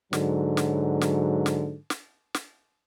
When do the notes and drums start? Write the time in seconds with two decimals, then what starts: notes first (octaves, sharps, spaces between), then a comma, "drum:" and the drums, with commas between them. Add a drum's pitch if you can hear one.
0.13 G#2 D3 F#3, drum: snare
0.57 drum: snare
1.01 drum: snare
1.46 drum: snare
1.90 drum: snare
2.34 drum: snare